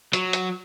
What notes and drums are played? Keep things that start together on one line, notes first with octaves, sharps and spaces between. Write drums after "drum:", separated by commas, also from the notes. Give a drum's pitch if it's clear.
F#3, drum: hi-hat
drum: hi-hat